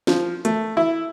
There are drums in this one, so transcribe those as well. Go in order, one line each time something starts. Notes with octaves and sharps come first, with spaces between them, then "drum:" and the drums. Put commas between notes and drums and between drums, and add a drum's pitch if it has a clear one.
F3, drum: snare C#4
A3, drum: hi-hat
E4